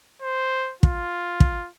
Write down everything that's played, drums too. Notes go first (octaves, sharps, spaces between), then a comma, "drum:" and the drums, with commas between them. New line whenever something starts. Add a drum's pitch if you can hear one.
C5
F4, drum: kick
drum: kick